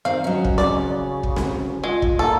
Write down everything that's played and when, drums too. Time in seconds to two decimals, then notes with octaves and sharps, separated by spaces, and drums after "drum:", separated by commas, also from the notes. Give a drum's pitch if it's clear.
0.05 D#3 C4 F5
0.24 F#3 C#4 D#5
0.45 drum: kick
0.58 C#3 D5, drum: snare C4
1.23 drum: kick
1.37 drum: snare C4
1.84 G#3 F4
2.02 drum: kick
2.19 A#3 A4